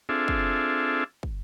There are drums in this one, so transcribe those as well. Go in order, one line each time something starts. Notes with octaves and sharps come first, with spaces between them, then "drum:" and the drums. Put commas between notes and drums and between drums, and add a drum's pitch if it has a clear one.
C4 D4 F4 G#4 A4 E5
drum: kick
drum: kick